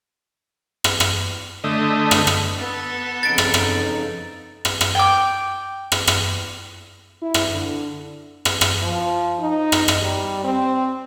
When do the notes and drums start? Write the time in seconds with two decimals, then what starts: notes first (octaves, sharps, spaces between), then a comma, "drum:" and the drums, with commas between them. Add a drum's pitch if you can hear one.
0.84 drum: rim click
1.00 drum: rim click
1.64 D3 A3 D#5
2.11 drum: rim click
2.27 drum: rim click
2.59 B3 A4
3.23 F2 C#3 D#4 A6 D7
3.38 drum: rim click
3.54 drum: rim click
4.65 drum: rim click
4.81 drum: rim click
4.95 G5 D6
5.92 drum: rim click
6.08 drum: rim click
7.22 E4
7.34 drum: rim click
7.52 D3
8.45 drum: rim click
8.61 drum: rim click
8.82 F3
9.40 D#4
9.72 drum: rim click
9.88 drum: rim click
10.02 G3
10.44 C4